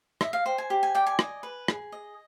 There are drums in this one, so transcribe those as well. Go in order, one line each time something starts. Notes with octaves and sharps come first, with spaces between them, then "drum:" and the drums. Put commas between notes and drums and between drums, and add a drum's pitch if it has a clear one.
D#5 E5, drum: rim click
F5
C5 G5
G#5
G4
G#5
D5 G5
G#5
D#5, drum: rim click
B4
G#4, drum: rim click
D#5